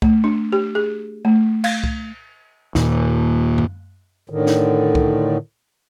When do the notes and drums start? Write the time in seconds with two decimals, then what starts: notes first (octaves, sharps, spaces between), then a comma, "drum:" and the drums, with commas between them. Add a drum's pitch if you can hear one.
0.02 A3, drum: kick C2
0.24 D4
0.52 G4
0.75 G#4
1.25 A3
1.64 F5, drum: cymbal
1.84 drum: kick C2
2.75 D#2 A#2 A#3, drum: snare
3.58 drum: tom F#2
4.30 A2 D3 D#3
4.47 drum: snare
4.95 drum: kick C2